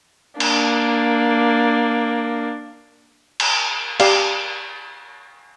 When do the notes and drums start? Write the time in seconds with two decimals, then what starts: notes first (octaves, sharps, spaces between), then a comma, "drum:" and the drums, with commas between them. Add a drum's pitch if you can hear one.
0.40 A#3 D4, drum: cymbal
3.40 drum: cymbal
4.00 G4 D5 F5, drum: cymbal